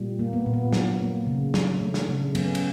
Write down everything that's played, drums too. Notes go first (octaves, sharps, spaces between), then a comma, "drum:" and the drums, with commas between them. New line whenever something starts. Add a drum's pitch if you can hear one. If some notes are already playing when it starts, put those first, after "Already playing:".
Already playing: A#2 G3
A#3
B3
A#2
B3
F#3, drum: snare
A#3
C#3
F#3, drum: snare
A3
drum: snare
C#3
F#3 B3 C#4, drum: cymbal
drum: cymbal